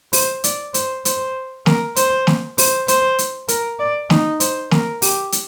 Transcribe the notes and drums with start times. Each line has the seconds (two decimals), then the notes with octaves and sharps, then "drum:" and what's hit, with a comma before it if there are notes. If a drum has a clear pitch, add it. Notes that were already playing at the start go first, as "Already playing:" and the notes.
0.13 C5, drum: open hi-hat
0.44 D5, drum: hi-hat
0.74 C5, drum: hi-hat
1.05 C5, drum: hi-hat
1.66 A#4, drum: snare
1.96 C5, drum: hi-hat
2.27 drum: snare
2.58 C5, drum: open hi-hat
2.88 C5, drum: hi-hat
3.19 drum: hi-hat
3.48 A#4, drum: hi-hat
3.80 D5
4.10 D#4, drum: snare
4.40 C5, drum: hi-hat
4.71 A#4, drum: snare
5.02 G4, drum: open hi-hat
5.32 drum: hi-hat